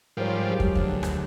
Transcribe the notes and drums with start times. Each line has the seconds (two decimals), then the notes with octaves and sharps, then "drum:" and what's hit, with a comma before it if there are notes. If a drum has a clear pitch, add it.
0.17 G#2 F3 G3 A#4 C5 C#5
0.50 F#3 G4 G#4
0.60 drum: kick
0.75 D2 F3, drum: kick
1.03 drum: rim click